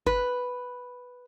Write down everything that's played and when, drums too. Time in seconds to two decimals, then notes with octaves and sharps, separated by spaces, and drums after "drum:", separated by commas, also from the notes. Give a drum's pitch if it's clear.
0.06 B4, drum: kick G1